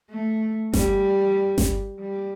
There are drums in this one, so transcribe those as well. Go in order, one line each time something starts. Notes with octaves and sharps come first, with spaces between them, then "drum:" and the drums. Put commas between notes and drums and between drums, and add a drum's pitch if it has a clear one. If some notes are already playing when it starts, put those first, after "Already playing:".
A3
G3, drum: snare G1
drum: snare G1
G3